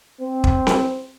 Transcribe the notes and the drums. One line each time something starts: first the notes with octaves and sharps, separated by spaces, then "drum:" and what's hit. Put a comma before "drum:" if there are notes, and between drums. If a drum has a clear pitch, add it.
C4
drum: kick
drum: snare C4